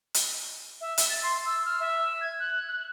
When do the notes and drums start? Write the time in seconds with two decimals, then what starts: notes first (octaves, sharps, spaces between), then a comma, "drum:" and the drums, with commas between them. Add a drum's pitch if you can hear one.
0.14 drum: hi-hat
0.81 E5
0.98 E5, drum: hi-hat
1.09 A6
1.23 C6
1.45 E6
1.65 F6
1.80 E5
2.21 G#6
2.40 F#6
2.68 F#6